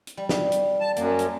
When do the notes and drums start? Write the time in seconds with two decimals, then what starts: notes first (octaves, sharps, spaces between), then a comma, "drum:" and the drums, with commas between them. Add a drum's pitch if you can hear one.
0.07 drum: hi-hat
0.17 G3
0.29 drum: snare
0.52 drum: hi-hat
0.81 A5
0.96 F#2 A#3, drum: hi-hat
1.19 drum: hi-hat